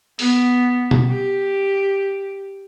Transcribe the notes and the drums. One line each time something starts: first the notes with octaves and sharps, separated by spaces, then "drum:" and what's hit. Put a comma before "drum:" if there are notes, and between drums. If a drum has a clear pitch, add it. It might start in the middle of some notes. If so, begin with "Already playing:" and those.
B3, drum: open hi-hat
drum: tom B2
G4